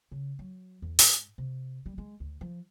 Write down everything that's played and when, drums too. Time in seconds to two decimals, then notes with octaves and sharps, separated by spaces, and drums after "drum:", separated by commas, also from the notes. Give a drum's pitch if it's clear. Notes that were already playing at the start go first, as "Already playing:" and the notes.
0.11 C#3
0.39 F#3
0.82 E2
0.99 G#2, drum: open hi-hat
1.38 C3
1.86 G3
1.98 G#3
2.20 D2
2.41 F3